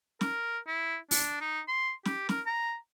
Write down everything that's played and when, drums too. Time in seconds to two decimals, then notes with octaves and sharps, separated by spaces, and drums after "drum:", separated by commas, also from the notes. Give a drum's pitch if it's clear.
0.21 A#4, drum: snare
0.67 E4
1.11 D4, drum: open hi-hat
1.41 D#4
1.68 C6
2.05 G4, drum: snare
2.29 A#4, drum: snare
2.46 A#5